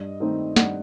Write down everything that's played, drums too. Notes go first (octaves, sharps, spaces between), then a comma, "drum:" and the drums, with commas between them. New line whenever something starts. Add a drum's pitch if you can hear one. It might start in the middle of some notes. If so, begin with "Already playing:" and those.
Already playing: G2 D#5
D#3 A3 C4 D#4
G2 F#5, drum: snare